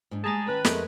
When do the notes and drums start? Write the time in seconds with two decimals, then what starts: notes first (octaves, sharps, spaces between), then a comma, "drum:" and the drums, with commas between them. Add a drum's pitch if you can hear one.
0.11 G#2 D4
0.24 G3 G#3 G#4 A5 A#5 A6
0.47 D#3 C#4 B4
0.64 F2 G#3 A3 G#4 A#4, drum: snare